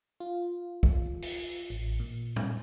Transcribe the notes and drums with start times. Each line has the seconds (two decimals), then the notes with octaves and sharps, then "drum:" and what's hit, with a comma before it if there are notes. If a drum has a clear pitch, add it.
0.20 F4
0.83 drum: kick
1.22 drum: open hi-hat
1.70 A1
2.00 A#2
2.36 drum: tom